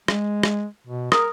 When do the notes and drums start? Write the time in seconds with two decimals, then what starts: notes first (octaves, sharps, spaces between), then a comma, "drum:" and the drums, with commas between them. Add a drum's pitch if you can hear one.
0.08 G#3, drum: rim click
0.43 drum: rim click
0.87 B2
1.12 A#4 D#6, drum: rim click